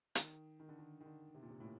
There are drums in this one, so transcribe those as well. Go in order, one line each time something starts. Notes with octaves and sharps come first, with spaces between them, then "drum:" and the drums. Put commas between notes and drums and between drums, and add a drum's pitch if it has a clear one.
D#3, drum: hi-hat
D#3
D3
D#3
D#3
D3
C3
A#2
C3
A2
A#2